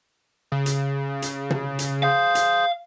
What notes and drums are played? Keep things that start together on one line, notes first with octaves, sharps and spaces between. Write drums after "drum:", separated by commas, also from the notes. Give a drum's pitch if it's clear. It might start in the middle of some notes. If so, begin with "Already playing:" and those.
C#3
drum: hi-hat
drum: hi-hat
drum: tom
drum: hi-hat
G#4 C5 F5
drum: hi-hat